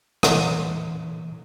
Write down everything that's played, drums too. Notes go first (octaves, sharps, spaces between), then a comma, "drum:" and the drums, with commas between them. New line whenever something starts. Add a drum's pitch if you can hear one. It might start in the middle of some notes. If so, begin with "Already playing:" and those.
A#2 E3, drum: rim click